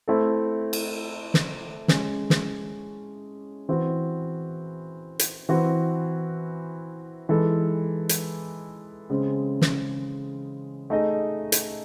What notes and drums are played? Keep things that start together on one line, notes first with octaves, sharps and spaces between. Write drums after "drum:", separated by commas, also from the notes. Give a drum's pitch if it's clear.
A3 C4 E4 A4
drum: cymbal
drum: snare
G#3 C#4 G#4, drum: snare
drum: snare
E3 C4 F#4
drum: hi-hat
E3 C4 F#4
E3 G#3 D#4 A4
drum: hi-hat
C#3 G#3 C4
drum: snare
A3 D#4 G#4 D#5
drum: hi-hat